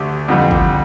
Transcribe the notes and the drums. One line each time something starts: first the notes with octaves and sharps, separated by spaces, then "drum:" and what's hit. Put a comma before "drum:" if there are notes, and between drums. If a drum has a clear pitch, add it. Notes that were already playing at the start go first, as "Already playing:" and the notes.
Already playing: D2 D3 A3 G4
F2 D3 G3
drum: kick